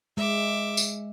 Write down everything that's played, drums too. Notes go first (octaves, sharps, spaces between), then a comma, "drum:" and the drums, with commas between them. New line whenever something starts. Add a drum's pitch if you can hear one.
G#3 E5 D6
drum: tambourine